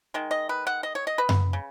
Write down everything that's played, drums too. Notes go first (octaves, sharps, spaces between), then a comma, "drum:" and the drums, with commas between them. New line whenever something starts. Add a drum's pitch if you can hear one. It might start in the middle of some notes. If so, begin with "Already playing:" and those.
D#3 G#3
D#5
B4
F#5
D#5
C#5
D#5
B4
drum: tom F#2
C#3